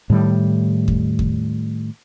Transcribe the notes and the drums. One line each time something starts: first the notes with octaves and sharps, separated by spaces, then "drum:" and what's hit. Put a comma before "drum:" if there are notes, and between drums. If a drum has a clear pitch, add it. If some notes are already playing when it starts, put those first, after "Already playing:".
A2 D#3 G3
drum: kick E2
drum: kick E2